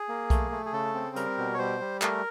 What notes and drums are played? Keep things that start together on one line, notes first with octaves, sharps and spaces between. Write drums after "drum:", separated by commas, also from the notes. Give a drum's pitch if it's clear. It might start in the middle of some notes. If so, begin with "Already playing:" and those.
Already playing: G#4
A#3
A3, drum: kick B1, hi-hat
A3
G#4
C#3 A4
C4
G3 A#4, drum: hi-hat
B2
C#5
G3 C5
G3
A3 A#4, drum: clap